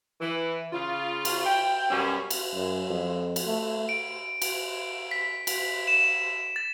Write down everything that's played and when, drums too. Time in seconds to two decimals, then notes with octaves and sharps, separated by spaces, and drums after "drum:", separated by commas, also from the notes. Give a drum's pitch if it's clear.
0.21 E3
0.73 C#3 F4
1.25 drum: cymbal
1.45 G5
1.90 F#2 B2 G3 C#4
2.30 drum: cymbal
2.55 F#2
2.90 F2
3.36 drum: cymbal
3.46 A3
3.89 D7
4.42 drum: cymbal
5.11 B6
5.47 drum: cymbal
5.87 E7
6.56 A6